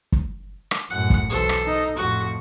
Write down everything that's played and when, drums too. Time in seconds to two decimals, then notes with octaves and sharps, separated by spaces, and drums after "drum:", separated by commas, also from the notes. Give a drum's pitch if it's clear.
0.12 drum: kick
0.71 drum: rim click
0.90 F#2 A2 F#5
1.10 drum: kick
1.30 B1 E2 A4 C5
1.49 drum: rim click
1.65 D#4
1.96 F2 A2 F#4